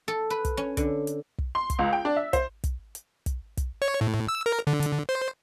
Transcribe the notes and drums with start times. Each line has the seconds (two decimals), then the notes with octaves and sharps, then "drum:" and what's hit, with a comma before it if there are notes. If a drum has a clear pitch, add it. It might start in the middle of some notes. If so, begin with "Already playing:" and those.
0.08 A4
0.30 B4
0.45 drum: kick, hi-hat
0.57 C#4
0.77 D3, drum: kick, hi-hat
1.07 drum: hi-hat
1.38 drum: kick
1.55 C6
1.70 drum: kick, hi-hat
1.79 C#2
1.93 G5
2.05 D4
2.16 E5
2.33 C5, drum: kick, hi-hat
2.64 drum: kick, hi-hat
2.95 drum: hi-hat
3.26 drum: kick, hi-hat
3.57 drum: kick, hi-hat
3.82 C#5
4.01 A2
4.28 E6
4.46 A#4
4.67 D3
4.83 drum: hi-hat
5.09 C5